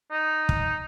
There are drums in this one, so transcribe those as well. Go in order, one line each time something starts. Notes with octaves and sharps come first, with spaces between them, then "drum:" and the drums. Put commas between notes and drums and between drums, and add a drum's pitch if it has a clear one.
D#4
drum: kick